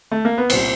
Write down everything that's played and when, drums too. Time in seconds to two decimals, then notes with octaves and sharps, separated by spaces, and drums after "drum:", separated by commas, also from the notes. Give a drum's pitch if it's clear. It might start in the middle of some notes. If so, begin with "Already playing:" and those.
0.12 A3
0.25 A#3
0.38 B3
0.50 C2 A#2 G3 C4, drum: cymbal